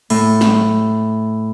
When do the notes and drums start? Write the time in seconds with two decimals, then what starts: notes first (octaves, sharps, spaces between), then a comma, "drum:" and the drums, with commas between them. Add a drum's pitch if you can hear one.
0.10 A2, drum: open hi-hat
0.41 drum: snare